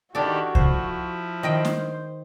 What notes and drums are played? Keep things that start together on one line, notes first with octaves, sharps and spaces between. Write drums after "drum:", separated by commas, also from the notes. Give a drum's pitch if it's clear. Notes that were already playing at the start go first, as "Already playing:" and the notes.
D#3 D4 E4 F#4 G4 A4
F3 E4 C5, drum: kick C2
D#3 C5 D#5 G5
drum: snare